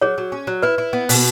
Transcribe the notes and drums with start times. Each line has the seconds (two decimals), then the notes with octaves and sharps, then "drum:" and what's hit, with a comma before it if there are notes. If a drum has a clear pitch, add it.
0.01 F#3 G#4 C#5
0.18 F#3
0.32 C#4
0.47 F#3
0.63 E4 B4
0.78 E4
0.93 B3
1.09 B2, drum: open hi-hat